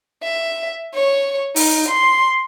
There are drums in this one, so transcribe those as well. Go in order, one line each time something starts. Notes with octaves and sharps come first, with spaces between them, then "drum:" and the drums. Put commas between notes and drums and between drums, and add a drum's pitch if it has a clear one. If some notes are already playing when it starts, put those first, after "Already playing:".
E5
C#5
D#4, drum: open hi-hat
C6